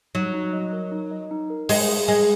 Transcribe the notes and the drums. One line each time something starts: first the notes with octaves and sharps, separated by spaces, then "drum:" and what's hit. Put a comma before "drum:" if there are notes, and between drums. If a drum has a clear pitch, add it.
F#3 D#4
D#4
D#5
A#4
D#4
D#5
D#4
A#4
G#3 G#4, drum: open hi-hat
G#4
G#3 G#5